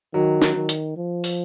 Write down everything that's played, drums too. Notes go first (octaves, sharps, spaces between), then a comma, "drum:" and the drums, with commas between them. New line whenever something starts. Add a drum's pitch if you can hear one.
D#3 F#3
drum: snare
D#3
drum: hi-hat
F3
drum: open hi-hat